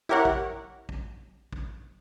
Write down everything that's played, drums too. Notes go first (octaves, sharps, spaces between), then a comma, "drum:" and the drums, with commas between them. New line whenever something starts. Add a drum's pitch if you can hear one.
E4 G4 A#4 C#5 F#5
drum: kick
drum: kick
drum: kick